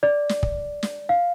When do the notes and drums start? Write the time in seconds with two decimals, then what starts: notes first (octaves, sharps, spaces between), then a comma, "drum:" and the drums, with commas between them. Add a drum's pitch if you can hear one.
0.03 D5
0.29 drum: snare
0.43 drum: kick
0.83 drum: snare
1.09 F5